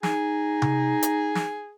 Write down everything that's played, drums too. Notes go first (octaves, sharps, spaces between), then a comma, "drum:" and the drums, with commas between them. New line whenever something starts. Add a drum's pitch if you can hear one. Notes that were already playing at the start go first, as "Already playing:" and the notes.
D#4 G#4, drum: snare
drum: tom C3
drum: hi-hat
drum: snare